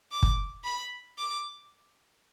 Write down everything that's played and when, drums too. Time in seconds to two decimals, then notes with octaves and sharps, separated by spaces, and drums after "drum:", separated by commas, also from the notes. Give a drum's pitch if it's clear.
0.11 D6
0.23 drum: kick
0.64 B5
1.18 D6